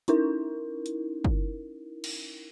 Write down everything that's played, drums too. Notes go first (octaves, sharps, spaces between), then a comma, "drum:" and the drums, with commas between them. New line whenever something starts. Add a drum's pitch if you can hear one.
C#4 D#4 E4 A#4, drum: hi-hat
drum: hi-hat
drum: kick
drum: cymbal